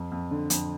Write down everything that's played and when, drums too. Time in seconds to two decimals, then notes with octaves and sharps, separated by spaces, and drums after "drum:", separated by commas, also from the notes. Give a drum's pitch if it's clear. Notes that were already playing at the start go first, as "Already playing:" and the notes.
Already playing: F2
0.12 F2
0.31 D3
0.50 F2, drum: hi-hat